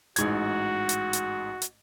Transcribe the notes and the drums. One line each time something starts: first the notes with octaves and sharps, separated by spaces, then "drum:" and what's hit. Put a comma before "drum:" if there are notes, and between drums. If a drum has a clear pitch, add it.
A1 G#2 F#4 G#6, drum: hi-hat
drum: hi-hat
drum: hi-hat
drum: hi-hat